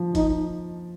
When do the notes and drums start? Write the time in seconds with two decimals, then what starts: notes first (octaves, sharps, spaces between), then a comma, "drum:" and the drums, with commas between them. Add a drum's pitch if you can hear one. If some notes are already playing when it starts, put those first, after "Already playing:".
Already playing: F3
0.15 D#4, drum: kick, hi-hat